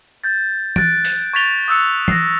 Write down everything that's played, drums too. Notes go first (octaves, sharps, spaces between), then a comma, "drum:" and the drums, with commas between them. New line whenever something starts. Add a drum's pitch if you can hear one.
G6 A6
F#6 A6 D7, drum: tom E3
drum: open hi-hat
C#6 G#6 A6 B6 F7 G7
D#6 E6 F#6 C#7
A#6 C7, drum: tom E3